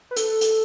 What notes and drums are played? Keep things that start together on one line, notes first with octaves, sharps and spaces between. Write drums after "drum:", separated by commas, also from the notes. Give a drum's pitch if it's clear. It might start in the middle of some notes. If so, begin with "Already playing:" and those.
B4
A4, drum: hi-hat
drum: hi-hat